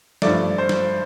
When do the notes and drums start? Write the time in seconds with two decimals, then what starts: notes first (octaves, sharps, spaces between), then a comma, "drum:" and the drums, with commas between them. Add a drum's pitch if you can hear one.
0.22 G2 F3 A3 D5, drum: snare
0.58 C5
0.69 drum: snare